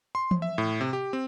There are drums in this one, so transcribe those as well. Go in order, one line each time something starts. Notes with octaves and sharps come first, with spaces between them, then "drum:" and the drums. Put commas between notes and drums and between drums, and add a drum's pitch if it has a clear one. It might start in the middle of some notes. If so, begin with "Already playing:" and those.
C6
drum: tom E3
E5
A2
C3
G4
C4